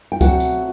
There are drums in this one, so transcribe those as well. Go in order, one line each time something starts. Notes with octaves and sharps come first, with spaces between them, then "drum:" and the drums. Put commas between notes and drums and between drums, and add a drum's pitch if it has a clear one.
G5
F#3 A3 C4 F#4 F#5, drum: kick C#2, tambourine
drum: tambourine